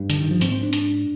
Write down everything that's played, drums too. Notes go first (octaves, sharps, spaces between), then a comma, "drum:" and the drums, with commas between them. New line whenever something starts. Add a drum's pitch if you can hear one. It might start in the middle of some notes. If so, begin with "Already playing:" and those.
Already playing: G2
D3, drum: hi-hat
D#3
F3
G#2 C4, drum: hi-hat
C4
D4
drum: hi-hat